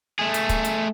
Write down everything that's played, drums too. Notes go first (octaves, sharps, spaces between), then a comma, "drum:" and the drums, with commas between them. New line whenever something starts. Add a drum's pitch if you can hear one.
A3 G#4
drum: hi-hat
drum: kick, hi-hat
drum: hi-hat